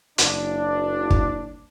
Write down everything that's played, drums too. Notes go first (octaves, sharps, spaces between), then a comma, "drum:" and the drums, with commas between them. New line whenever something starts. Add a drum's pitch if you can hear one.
F#1 D4, drum: hi-hat
drum: kick